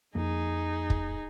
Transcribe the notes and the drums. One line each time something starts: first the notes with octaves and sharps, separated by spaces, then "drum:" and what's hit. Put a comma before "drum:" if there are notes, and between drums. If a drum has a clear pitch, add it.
F2 A#3 D#4 G#4
drum: kick